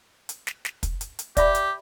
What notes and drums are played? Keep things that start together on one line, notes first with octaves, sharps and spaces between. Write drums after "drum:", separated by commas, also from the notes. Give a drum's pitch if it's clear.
drum: hi-hat
drum: snare
drum: snare
drum: kick, hi-hat
drum: hi-hat
drum: hi-hat
G4 D5 E5 B5, drum: kick, hi-hat
drum: hi-hat